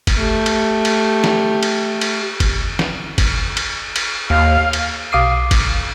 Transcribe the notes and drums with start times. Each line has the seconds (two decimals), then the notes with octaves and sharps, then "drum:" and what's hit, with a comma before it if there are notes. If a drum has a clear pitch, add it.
0.07 drum: kick G1, cymbal
0.18 A3 G4
0.46 drum: cymbal
0.85 drum: cymbal
1.24 drum: snare
1.63 drum: cymbal
2.01 drum: cymbal
2.40 drum: kick G1, cymbal
2.79 drum: snare
3.18 drum: kick G1, cymbal
3.57 drum: cymbal
3.96 drum: cymbal
4.30 D#2 F5
4.73 drum: cymbal
5.12 B1 F5 D6 D#6 C7
5.51 drum: kick G1, cymbal